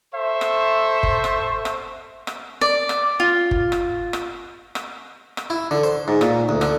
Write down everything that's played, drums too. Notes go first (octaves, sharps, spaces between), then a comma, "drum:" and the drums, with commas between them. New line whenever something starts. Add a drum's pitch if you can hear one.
A4 C5 E5 C#6
drum: rim click
drum: kick
drum: rim click
drum: rim click
drum: rim click
D5
drum: rim click
F4
drum: kick
drum: rim click
drum: rim click
drum: rim click
drum: rim click
E4
D3
C5
G#2
A#2, drum: rim click
D2
D3, drum: rim click